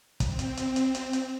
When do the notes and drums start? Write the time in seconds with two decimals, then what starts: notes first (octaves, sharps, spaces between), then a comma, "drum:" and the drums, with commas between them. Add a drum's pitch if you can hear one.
0.20 C4, drum: kick, hi-hat
0.39 drum: hi-hat
0.57 drum: hi-hat
0.76 drum: hi-hat
0.95 drum: hi-hat
1.13 drum: hi-hat